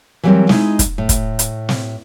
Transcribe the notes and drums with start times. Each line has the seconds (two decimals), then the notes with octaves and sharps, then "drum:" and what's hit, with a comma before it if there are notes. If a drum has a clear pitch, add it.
0.23 E3 F#3 G3 A#3 C4 A#4
0.49 G#3 D#4 E4, drum: snare
0.79 drum: kick, hi-hat
0.98 A2
1.09 drum: kick, hi-hat
1.39 drum: hi-hat
1.69 drum: snare